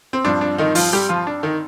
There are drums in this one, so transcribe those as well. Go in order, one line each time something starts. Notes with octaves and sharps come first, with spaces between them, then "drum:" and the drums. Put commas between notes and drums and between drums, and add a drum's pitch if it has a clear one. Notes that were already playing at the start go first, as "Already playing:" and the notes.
C4
G2 F3 C4 D4
D4
D#3 D#4
F3 F4, drum: open hi-hat
G3 G4
F3 F4
D4
D#3 D#4